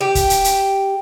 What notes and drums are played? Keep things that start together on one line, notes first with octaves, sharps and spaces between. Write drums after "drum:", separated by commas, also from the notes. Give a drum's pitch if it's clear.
G4
drum: kick, hi-hat
drum: hi-hat
drum: hi-hat